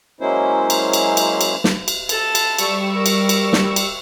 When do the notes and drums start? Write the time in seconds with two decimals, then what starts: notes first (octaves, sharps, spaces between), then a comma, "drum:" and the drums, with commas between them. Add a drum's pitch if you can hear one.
0.21 F#3 G#3 A#3 C#4 E4 C5
0.70 drum: cymbal
0.93 drum: cymbal
1.17 drum: cymbal
1.41 drum: cymbal
1.64 drum: snare
1.88 drum: cymbal
2.09 A4 A5, drum: cymbal
2.35 drum: cymbal
2.58 G3 C#6 E6, drum: cymbal
2.94 A#4
3.06 drum: cymbal
3.29 drum: cymbal
3.53 drum: snare
3.76 drum: cymbal